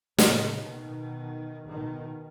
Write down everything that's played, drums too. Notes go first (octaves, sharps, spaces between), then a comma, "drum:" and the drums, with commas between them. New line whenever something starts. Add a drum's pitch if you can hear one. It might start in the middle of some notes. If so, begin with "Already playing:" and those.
A2 C#3, drum: snare
B2 D#3
B2 D#3